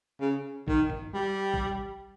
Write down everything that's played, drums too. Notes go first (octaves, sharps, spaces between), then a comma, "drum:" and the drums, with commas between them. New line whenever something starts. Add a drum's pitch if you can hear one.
C#3
D#3, drum: kick A#1
drum: tom G2
G3
drum: kick A#1